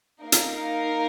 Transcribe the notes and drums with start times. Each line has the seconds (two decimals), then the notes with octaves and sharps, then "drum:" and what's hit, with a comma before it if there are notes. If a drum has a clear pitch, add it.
0.22 A#3 D#4 A#4 F5
0.32 drum: hi-hat